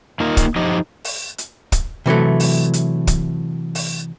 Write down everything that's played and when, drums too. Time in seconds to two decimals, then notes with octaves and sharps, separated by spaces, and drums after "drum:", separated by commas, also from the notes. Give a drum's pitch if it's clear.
0.20 A#3 D#4 F4 A#4
0.37 drum: kick, hi-hat
0.56 F3 D#4 G4 D#5
1.05 drum: open hi-hat
1.38 drum: hi-hat
1.72 drum: kick, hi-hat
2.06 C3 E3 F#3 A3
2.40 drum: open hi-hat
2.74 drum: hi-hat
3.07 drum: kick, hi-hat
3.75 drum: open hi-hat